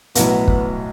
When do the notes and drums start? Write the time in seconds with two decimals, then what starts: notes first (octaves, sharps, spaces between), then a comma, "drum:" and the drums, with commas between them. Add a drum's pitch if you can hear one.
0.15 B1 A2 F#3 B3, drum: hi-hat
0.48 drum: kick